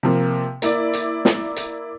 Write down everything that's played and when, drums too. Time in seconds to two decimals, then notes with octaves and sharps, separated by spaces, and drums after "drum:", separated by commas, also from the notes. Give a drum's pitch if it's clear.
0.03 C3 F3 A#3
0.62 A#3 E4 D5, drum: hi-hat
0.94 drum: hi-hat
1.25 drum: snare
1.56 drum: hi-hat